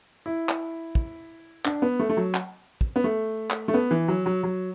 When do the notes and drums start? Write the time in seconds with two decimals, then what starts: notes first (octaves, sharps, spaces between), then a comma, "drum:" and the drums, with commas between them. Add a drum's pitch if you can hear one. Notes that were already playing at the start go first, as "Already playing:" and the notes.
0.26 E4
0.49 drum: clap
0.95 drum: kick
1.65 D4, drum: clap
1.82 B3
1.99 A3
2.10 A3
2.17 F#3
2.34 drum: clap
2.81 drum: kick
2.96 B3
3.04 A3
3.50 drum: clap
3.68 A3
3.74 B3
3.91 E3
4.08 F#3
4.26 F#3
4.44 F#3